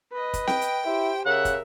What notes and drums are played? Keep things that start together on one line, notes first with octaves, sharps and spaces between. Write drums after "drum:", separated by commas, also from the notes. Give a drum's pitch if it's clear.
B4 D#5
drum: kick, hi-hat
G5, drum: snare C4
drum: hi-hat
E4 G4 C5
C#3 A#4 E5 F#5
drum: kick, hi-hat